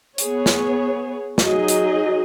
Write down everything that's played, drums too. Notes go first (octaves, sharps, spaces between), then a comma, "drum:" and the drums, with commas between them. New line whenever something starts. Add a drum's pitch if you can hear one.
B3 G#4 C#5, drum: hi-hat
drum: snare
F#3 D#4 G#4 D#5, drum: snare
drum: hi-hat